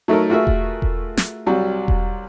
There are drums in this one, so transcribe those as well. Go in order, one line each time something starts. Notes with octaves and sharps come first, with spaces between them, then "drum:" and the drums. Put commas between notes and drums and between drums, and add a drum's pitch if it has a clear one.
F#3 A3 D#4 A4 A#4
A3 F4 F#4 G#4 A#4 E5
drum: kick E1
drum: kick E1
drum: snare
C2 F#3 G3
drum: kick E1